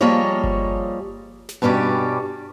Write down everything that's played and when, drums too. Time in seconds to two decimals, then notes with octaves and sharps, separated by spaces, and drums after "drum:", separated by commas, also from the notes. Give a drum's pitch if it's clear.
0.01 F3 G3 A#3 G#4 C#5 D#5
0.44 drum: kick G1
1.49 drum: snare
1.62 G2 B2 G3 C#4 D5